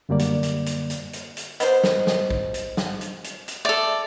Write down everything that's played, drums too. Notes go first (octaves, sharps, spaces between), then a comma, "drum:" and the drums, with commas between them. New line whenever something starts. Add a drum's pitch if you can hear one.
F#2 D3 G3 A#3 D5
drum: hi-hat
drum: hi-hat
drum: hi-hat
drum: hi-hat
drum: hi-hat
drum: hi-hat
B3 C5 D#5, drum: hi-hat
drum: snare
drum: snare
drum: kick
drum: hi-hat
drum: snare
drum: hi-hat
drum: hi-hat
drum: hi-hat
A4 D5 E5 F7